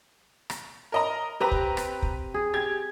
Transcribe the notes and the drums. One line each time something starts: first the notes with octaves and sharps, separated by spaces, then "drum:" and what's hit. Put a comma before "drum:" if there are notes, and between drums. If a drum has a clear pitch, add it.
drum: rim click
A#4 D#5 A#5
C4 G4 B4 A#5
drum: kick
drum: rim click
drum: kick
G#4
G4 G#6